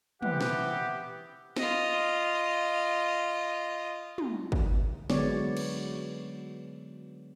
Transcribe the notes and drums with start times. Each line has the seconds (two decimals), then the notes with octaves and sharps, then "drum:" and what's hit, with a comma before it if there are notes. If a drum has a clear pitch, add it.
0.22 E3 B3 C4 G4 F#5, drum: tom
0.41 drum: snare
1.57 F4 D#5, drum: snare
4.18 drum: tom
4.52 drum: kick
5.10 D3 F#3 G#3 B3 C#5 D5, drum: snare
5.57 drum: cymbal